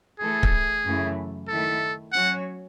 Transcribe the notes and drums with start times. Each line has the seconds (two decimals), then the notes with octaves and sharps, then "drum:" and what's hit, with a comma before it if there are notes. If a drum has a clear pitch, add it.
0.20 E3 A3 E4 G#4 A4
0.43 drum: kick
0.85 F#2 C#3 E3 A3 E4
1.48 D#3 A3 E4 A4
2.12 F#3 C#4 F#4 C#5 F#5